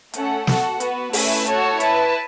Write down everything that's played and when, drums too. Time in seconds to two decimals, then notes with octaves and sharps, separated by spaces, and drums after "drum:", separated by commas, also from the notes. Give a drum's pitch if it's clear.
0.14 A3 C#4 A4 F#5, drum: hi-hat
0.47 F#4 A4 F#5, drum: snare
0.80 B3 F#4 B4, drum: hi-hat
1.13 A3 C#4 E4 B4 E5, drum: open hi-hat
1.46 F#4 A4 C#5 A5, drum: hi-hat
1.80 E4 B4 A5, drum: hi-hat